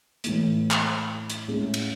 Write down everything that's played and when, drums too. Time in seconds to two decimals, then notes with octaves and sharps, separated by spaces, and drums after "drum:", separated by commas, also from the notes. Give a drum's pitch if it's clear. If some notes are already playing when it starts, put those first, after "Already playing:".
0.24 A2 E3 A3, drum: hi-hat
0.71 drum: clap
1.30 drum: hi-hat
1.48 A2 G#3 C#4 E4
1.74 drum: cymbal